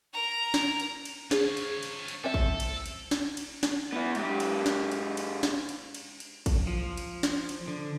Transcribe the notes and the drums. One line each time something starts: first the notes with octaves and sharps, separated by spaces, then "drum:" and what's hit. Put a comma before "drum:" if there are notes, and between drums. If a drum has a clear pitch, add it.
A#4 A#5
drum: snare
drum: cymbal
drum: cymbal
F4 G#4 C5 C#5, drum: snare
drum: cymbal
drum: cymbal
drum: cymbal
C4 A4 C5 E5
drum: kick
drum: cymbal
drum: cymbal
drum: snare
drum: cymbal
drum: snare
B3 E4
G#2 G4, drum: cymbal
drum: cymbal
drum: snare
drum: cymbal
drum: cymbal
drum: snare
drum: cymbal
drum: cymbal
drum: cymbal
drum: kick, cymbal
F3
drum: cymbal
drum: snare
drum: cymbal
D3